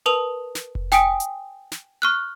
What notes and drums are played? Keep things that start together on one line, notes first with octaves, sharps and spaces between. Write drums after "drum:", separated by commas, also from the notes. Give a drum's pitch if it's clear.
A#4 B4 A5 D#6 F7
drum: snare
drum: kick F1
G5 G#5 D#6 B6 D7, drum: snare
drum: hi-hat
drum: snare
C#6 F6 F#6